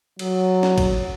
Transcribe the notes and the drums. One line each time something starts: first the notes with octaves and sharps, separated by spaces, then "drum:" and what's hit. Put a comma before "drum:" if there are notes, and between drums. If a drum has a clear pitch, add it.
F#3, drum: cymbal
drum: snare
drum: kick, cymbal